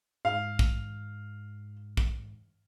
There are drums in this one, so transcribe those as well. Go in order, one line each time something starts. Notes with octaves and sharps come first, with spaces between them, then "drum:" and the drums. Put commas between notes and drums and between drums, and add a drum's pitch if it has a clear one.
G#2 F5
drum: kick
drum: kick